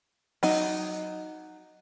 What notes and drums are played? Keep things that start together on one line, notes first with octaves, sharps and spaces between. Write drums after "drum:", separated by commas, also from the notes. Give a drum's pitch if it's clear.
F#3 D#4, drum: open hi-hat